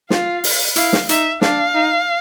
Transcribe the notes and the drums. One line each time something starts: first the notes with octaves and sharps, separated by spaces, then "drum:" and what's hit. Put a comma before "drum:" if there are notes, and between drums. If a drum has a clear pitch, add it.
F4 F5, drum: snare
drum: open hi-hat
E4 F5, drum: hi-hat
drum: snare
D#4 E5, drum: hi-hat
D4 F5, drum: snare
D#4